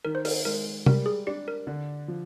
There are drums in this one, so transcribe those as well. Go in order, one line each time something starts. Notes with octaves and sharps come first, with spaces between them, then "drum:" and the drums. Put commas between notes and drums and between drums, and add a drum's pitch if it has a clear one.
D#3 A#4
C5
A#4, drum: open hi-hat
G#3 A#4
G3 A#4, drum: tom C3
G#4
D4 G4
A#4
D3
F3